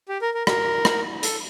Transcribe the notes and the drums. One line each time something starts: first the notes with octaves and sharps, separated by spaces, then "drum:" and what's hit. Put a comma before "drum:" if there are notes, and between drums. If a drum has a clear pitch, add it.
G4
A#4
A#4
A#4, drum: rim click
drum: rim click
A4, drum: hi-hat